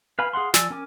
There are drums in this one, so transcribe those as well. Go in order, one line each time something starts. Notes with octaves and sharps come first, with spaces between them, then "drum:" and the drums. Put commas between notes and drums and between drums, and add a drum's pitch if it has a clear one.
B4 F5 G#5 B5
G#4 F5 F#5 C6
F3 D5 G#5 E6, drum: snare
C#4 A#4 G#5 D6